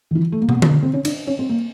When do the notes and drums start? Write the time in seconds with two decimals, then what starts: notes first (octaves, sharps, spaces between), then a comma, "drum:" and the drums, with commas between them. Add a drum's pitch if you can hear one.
0.11 D#3
0.15 E3
0.32 A3
0.42 A#3
0.49 B3, drum: tom
0.62 drum: tom D3
0.83 C4
0.94 C#4
1.05 D4, drum: cymbal
1.27 C#4
1.39 C4
1.49 A#3